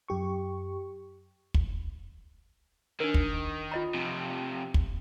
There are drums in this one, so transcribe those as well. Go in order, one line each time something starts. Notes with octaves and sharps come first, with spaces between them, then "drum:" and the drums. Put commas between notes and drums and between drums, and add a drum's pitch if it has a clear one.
F#2 G4 C#6
drum: kick
D#3 D4 A#4
drum: kick
F4 D#5 A#5
F2 C3
drum: kick